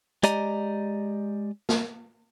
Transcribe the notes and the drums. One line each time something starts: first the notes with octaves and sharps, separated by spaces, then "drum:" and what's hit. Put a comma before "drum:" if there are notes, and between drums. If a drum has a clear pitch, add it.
G#3 G4 D5 D#5 A#5, drum: hi-hat
drum: snare